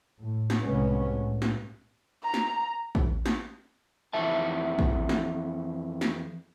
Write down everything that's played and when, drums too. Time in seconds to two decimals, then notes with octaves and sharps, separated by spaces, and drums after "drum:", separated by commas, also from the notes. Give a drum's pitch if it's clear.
0.19 A2
0.50 drum: snare
0.61 C2 A2 C3 G#3 B3 C#4
1.08 A2
1.42 drum: snare
2.23 A#5
2.34 drum: snare
2.95 drum: kick
3.26 drum: snare
4.13 F2 E3 E5 A5
4.79 drum: kick
5.09 drum: snare
6.01 drum: snare